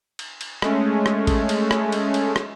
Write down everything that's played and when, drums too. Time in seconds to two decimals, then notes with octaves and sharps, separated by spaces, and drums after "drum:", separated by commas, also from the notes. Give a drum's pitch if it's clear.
0.19 drum: cymbal
0.41 drum: cymbal
0.62 G#3 A3 C#4, drum: rim click
1.06 drum: rim click
1.27 drum: kick, cymbal
1.49 drum: cymbal
1.71 drum: rim click
1.92 drum: cymbal
2.14 drum: cymbal
2.36 drum: rim click